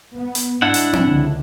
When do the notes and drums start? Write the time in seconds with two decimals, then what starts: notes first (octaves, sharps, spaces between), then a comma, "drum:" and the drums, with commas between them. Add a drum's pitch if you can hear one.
0.15 B3
0.35 drum: hi-hat
0.62 G#2 D4 E4 F#5
0.74 drum: hi-hat
0.93 drum: tom C4
1.06 C#2 D3